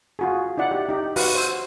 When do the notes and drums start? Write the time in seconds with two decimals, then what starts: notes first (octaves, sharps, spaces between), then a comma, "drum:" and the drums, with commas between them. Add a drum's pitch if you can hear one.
0.19 F4 F#4 G#4
0.57 D#4 E4 D5 F#5
0.71 G4
0.89 D#4 G4
1.16 F#4 B4 F5 F#5, drum: open hi-hat
1.35 C5 E6